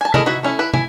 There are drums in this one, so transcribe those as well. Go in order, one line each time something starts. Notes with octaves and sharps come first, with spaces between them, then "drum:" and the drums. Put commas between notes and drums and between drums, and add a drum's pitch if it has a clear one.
G#5 A5
A3 E4 G#4 A#4 D#5, drum: tom
D#4 E4 F#4 E5
A3 C#4 E4
E4 B4
E4 G#5, drum: tom